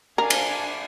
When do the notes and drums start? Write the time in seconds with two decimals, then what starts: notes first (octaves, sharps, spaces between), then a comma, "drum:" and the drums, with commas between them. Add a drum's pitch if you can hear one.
0.18 D4 A#4 F5 G#5
0.30 drum: cymbal